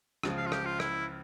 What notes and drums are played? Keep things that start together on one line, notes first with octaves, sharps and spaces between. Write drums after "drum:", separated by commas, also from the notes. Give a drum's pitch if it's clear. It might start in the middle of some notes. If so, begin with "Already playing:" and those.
C#2 C#3 F3, drum: rim click
F5
F4
G4, drum: rim click
F4
E4, drum: rim click